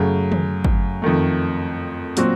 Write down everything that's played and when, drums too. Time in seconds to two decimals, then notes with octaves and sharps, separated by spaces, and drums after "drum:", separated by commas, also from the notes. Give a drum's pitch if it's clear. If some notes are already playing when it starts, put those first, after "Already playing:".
Already playing: F#2 C#3 A3
0.32 drum: tom
0.64 drum: kick
1.02 F2 D#3 A3
2.17 A#2 F#3 C4 F#4, drum: hi-hat